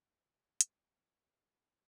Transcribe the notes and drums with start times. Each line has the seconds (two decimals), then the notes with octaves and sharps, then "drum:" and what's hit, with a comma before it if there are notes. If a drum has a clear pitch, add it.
0.21 C#5
0.41 G#6
0.61 F5, drum: hi-hat
0.77 G5
1.01 C#6
1.21 G4
1.37 E4
1.50 B5